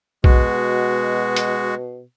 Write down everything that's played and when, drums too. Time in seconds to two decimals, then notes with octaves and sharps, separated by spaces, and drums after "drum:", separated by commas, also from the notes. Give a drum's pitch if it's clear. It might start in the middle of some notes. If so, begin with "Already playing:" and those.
0.24 B2 G#3 F#4, drum: kick B1
1.36 drum: hi-hat